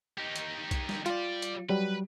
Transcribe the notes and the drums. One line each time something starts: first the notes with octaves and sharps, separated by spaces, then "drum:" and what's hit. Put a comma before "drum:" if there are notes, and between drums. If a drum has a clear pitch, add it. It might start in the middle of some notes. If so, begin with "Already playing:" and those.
D#4 G4
drum: hi-hat
drum: kick B1, hi-hat
drum: snare
G3 F4 D5, drum: hi-hat
drum: hi-hat
F#3 G3 B4